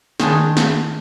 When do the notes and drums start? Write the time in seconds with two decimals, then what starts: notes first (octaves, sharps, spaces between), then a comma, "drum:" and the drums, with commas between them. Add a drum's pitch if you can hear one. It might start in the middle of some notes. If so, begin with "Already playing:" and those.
0.20 D#3 G#3 D4, drum: snare
0.57 drum: snare